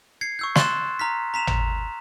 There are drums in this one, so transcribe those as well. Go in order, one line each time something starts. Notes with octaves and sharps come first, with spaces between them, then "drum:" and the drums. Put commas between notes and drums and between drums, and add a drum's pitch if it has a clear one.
G#6 C7 C#7
C#6 E6 G6
C6 C#6 F#6 A6 E7, drum: snare
A#5 F6 B6
A#5 B6 E7 F7
drum: tom